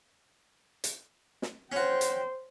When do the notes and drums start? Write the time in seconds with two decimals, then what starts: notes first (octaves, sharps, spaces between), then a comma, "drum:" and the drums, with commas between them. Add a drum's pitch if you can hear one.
0.84 drum: hi-hat
1.42 drum: snare
1.72 C#4 F#4 C5 G5
2.01 drum: hi-hat